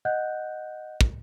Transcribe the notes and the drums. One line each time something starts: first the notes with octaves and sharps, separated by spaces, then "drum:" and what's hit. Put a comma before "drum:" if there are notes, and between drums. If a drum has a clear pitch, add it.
D#5 F#5 F#6 G6
drum: kick